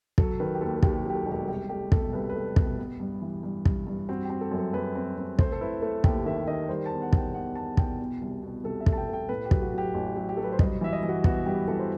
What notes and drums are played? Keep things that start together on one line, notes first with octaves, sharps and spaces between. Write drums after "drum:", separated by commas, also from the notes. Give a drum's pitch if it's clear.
F#3 A4, drum: kick
D#3 B4
G4
D#2 A4
A4
D#2 G4, drum: kick
F#3 G4
A4
E1
G4
C2 G4
A3 G4
B2 A4, drum: kick
C2 B4
B4
A3
A4
B2, drum: kick
G4
B3
G2
E3
G2
G2, drum: kick
G2
C4 F#4
C4 G4
A4
F#2
A4
F#2 B4
C4
C4
A3 C5, drum: kick
A4
E4 B4
A3 A4
D#2 G4, drum: kick
D#3 E5
D#3 D#5
G3 C5
A5
E2
F#5
E2 G5, drum: kick
E2 F#5
E2 A5
E2 G5, drum: kick
B2
C2
B2
C2 A4
E5
A3, drum: kick
A5
G5
A3 G5
A2 B4
G4
F#3, drum: kick
F#4
F#3 G4
A1
F#3
G4
F#3 A4
B4
C5
G2 D#5, drum: kick
E3 E5
D#5
E3
F#4
B3 F#4, drum: kick
G2 G4
E3 A4
C5